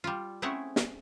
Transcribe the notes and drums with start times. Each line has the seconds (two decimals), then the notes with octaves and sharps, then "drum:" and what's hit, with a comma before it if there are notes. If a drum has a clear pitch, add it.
0.04 G3 F4
0.42 A3 C4 C#4 E4 G#4 F#5
0.76 drum: snare